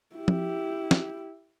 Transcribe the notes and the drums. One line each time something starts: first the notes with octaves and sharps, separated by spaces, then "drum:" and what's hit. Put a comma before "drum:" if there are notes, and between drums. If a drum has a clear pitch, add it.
E4 G4
drum: tom
drum: snare